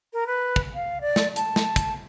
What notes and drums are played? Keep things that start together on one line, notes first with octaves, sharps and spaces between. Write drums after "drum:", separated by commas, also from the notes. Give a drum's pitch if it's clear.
A#4
B4
drum: kick
F5
D5
drum: snare
A5, drum: hi-hat
drum: snare
drum: kick, hi-hat